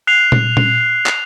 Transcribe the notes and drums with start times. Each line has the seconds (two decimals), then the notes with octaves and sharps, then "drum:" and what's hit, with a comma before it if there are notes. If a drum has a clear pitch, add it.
0.07 F#6 C7 F7
0.32 drum: tom A#2
0.57 drum: tom A#2
1.06 drum: clap